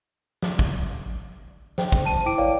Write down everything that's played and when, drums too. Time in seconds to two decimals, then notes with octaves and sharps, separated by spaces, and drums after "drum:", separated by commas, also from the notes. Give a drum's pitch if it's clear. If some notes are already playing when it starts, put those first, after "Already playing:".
0.42 drum: snare
0.59 drum: kick
1.78 C5 G5, drum: snare
1.92 drum: kick
2.04 C5 A5 D#7
2.26 E4 G5 D6 D7
2.38 B4 C#5 D5 F5 G5